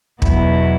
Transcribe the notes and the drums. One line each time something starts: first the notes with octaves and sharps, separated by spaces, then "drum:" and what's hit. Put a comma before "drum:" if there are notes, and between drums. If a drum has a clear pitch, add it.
E2 B2 F#3 B3 E4, drum: kick